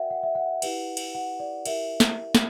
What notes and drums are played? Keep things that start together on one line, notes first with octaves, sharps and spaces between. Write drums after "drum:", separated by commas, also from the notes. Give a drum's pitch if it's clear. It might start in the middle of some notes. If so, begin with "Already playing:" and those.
Already playing: F#4 A#4 D5 E5 F#5 G5
F#5
E5
F#5
E4 G4 B4, drum: cymbal
drum: cymbal
F#5
D5
E4 G4 A#4 E5, drum: cymbal
drum: snare
drum: snare